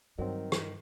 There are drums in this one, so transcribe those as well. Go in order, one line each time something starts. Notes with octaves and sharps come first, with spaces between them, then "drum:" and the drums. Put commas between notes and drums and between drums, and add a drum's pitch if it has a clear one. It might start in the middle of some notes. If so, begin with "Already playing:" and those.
G2 D#3 F#3 C4
drum: rim click